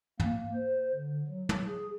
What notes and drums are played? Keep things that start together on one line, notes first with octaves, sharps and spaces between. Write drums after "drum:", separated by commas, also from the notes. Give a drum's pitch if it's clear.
A#3, drum: tom
C5
D3
F#3
drum: tom
G#4